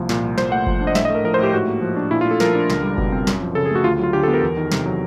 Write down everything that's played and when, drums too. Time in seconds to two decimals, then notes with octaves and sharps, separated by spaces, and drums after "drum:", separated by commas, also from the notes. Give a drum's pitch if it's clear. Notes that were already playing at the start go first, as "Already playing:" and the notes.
Already playing: C2 F3 A#3
0.09 A#2, drum: snare
0.24 C2
0.38 A#2 C5, drum: snare
0.51 A3 F#5
0.67 F3, drum: kick F#1
0.81 D4
0.87 D#5
0.95 A2 E5, drum: snare
1.05 D#5
1.10 A3 A#4
1.24 F3 A#4
1.34 C5
1.39 A2 G4
1.53 G#2 F#4
1.67 A#3
1.82 F3
1.96 D4
2.11 A#2 E4
2.21 F4
2.25 A3
2.31 A4
2.40 F3 A#4, drum: snare
2.55 D4
2.70 C#2, drum: snare
2.83 G3
2.98 B2, drum: kick F#1
3.12 C4
3.27 F#2, drum: snare
3.42 F3
3.55 C#3 A4
3.66 G#4
3.71 A3 F#4
3.84 D2 F4
4.00 F#3 F4
4.13 D3 G4
4.23 A4
4.28 B3
4.34 A#4
4.42 E2
4.57 D#3
4.72 C3, drum: snare
4.86 F#3